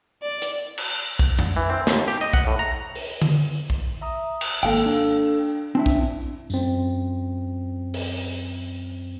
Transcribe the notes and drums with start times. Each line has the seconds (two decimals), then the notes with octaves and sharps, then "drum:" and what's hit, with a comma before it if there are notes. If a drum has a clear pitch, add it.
0.23 D5
0.42 drum: hi-hat
0.78 drum: cymbal
1.19 drum: kick A#1
1.39 drum: tom F2
1.57 E3
1.70 C4
1.87 D#2, drum: snare
2.08 G4
2.21 D#5
2.33 F#5, drum: kick A#1
2.47 A2
2.59 A#5
2.95 drum: open hi-hat
3.22 drum: tom D3
3.70 drum: kick A#1
4.01 E5 A#5 D#6
4.41 drum: cymbal
4.63 G#1 A#3 A4 F5 G5
4.86 D4
5.75 C4 D4 E4
5.86 drum: kick A#1
6.50 F#2 C4, drum: tambourine
7.94 drum: open hi-hat